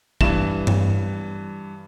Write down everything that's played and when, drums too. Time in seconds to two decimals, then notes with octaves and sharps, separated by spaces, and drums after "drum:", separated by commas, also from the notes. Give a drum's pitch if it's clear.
0.21 G2 E3 E7, drum: kick
0.67 drum: tom G2